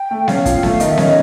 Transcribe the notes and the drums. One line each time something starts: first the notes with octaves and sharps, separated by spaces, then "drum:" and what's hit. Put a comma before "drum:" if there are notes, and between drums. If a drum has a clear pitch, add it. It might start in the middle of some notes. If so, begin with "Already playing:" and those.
Already playing: G5
A3
C#4 F5, drum: snare B3
F3, drum: kick, hi-hat
A3, drum: snare B3
D#3 D#5, drum: hi-hat
E5
C#4 D#5, drum: snare B3